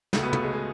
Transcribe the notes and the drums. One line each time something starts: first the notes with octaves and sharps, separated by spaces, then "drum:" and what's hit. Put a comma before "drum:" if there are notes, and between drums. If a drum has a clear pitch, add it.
C#2 C#3 F#3 A3, drum: snare
B2 B3
A3, drum: tom
G#3
G#3